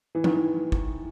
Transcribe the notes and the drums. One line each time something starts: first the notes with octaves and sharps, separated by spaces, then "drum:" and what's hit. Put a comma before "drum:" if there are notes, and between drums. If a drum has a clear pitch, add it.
E3
D#3, drum: tom
E3
drum: kick G1